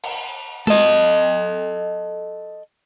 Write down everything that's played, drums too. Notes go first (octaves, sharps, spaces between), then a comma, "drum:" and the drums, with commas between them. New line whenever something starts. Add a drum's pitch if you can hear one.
drum: cymbal
A4 D#5, drum: tom G#3